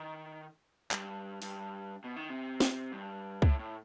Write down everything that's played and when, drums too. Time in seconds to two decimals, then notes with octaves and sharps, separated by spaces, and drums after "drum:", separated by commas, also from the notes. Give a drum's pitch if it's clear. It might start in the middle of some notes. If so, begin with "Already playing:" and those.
Already playing: D#3
0.91 G2, drum: clap
1.42 G2, drum: open hi-hat
2.04 B2
2.16 D#3
2.29 C3
2.60 drum: snare
2.92 G2
3.42 A2, drum: kick C#2
3.59 A2